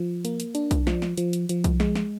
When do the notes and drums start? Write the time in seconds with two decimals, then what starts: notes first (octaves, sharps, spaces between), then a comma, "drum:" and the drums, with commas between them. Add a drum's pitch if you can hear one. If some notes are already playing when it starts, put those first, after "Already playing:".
Already playing: F3
0.25 A#3, drum: hi-hat
0.40 drum: hi-hat
0.55 D4, drum: hi-hat
0.71 drum: kick B1, hi-hat
0.87 F3, drum: snare
1.02 drum: snare
1.17 F3, drum: hi-hat
1.33 drum: hi-hat
1.49 F3, drum: hi-hat
1.64 drum: kick B1, hi-hat
1.80 G#3, drum: snare
1.95 drum: snare